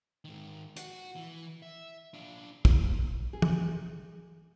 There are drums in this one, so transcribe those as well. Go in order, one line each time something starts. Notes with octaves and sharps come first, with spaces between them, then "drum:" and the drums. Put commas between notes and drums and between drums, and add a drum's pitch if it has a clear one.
G#2 D#3
F#4, drum: hi-hat
E3
E5
D4 F4
A#2, drum: kick
G#4
drum: tom